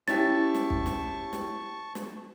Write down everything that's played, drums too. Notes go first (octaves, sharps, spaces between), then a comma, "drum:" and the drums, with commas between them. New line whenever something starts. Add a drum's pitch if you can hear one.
C#4 E4 G4 A5 C#6 A6, drum: snare
drum: snare
drum: kick
drum: snare
drum: snare
drum: snare